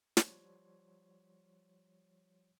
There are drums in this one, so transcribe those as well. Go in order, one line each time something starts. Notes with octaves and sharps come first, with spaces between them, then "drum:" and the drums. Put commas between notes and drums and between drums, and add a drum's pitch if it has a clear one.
F3 G3 C#5 C6, drum: snare